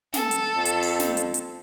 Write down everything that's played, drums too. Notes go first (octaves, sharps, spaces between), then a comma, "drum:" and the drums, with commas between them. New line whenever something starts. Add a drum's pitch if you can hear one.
A4, drum: snare
drum: hi-hat
F2
drum: hi-hat
drum: open hi-hat
drum: snare
drum: hi-hat
drum: hi-hat